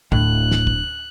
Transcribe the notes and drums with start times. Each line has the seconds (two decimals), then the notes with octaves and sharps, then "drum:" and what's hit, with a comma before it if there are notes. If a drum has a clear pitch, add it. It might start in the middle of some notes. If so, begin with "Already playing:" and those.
0.12 D1 A2 F#6, drum: kick
0.51 drum: snare
0.67 drum: kick